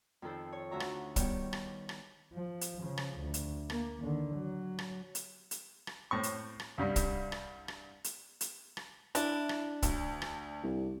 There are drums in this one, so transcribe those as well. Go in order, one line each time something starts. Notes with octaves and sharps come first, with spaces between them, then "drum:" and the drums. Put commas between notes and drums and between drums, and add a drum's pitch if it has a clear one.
F2 D#3 A4 C5
C#5
D2 F#4 E5 A#5 C#6
drum: rim click
D#3 G3 B3 G4 C#5, drum: kick, hi-hat
drum: rim click
drum: rim click
F3
drum: hi-hat
C#3 F3
drum: rim click
D2
drum: hi-hat
A#3, drum: rim click
D3 D#3
F#3
drum: rim click
drum: hi-hat
drum: hi-hat
drum: rim click
A2 C4 C#6
drum: hi-hat
drum: rim click
C2 G2 G3
drum: kick, hi-hat
drum: rim click
drum: rim click
drum: hi-hat
drum: hi-hat
drum: rim click
D4 E4 E7, drum: hi-hat
drum: rim click
D2, drum: kick, hi-hat
drum: rim click
C2